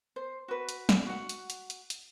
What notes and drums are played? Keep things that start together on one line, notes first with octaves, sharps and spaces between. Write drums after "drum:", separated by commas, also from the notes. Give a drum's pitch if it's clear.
C5
F#4 B4
drum: hi-hat
drum: snare
F#4 F#5
drum: hi-hat
drum: hi-hat
drum: hi-hat
drum: hi-hat